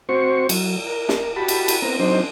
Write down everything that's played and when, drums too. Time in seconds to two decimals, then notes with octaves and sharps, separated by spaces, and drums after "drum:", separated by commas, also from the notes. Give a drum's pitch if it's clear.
0.09 C4 F#4 C5 C#6
0.49 F#3, drum: cymbal
0.87 A#4
1.09 drum: snare
1.36 F#4 G4 A5 B5
1.48 drum: cymbal
1.68 drum: cymbal
1.82 B3 C4 A#5
2.00 F#3 C4 D4 D#4 C5